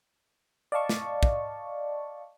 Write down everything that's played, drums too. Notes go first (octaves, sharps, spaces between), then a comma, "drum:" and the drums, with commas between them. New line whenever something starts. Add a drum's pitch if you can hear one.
D5 D#5 F5 A5 C#6
drum: snare
drum: kick